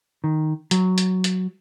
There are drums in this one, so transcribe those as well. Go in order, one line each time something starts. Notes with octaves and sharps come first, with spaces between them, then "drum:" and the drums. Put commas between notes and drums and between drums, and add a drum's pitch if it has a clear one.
D#3
F#3, drum: hi-hat
drum: hi-hat
drum: hi-hat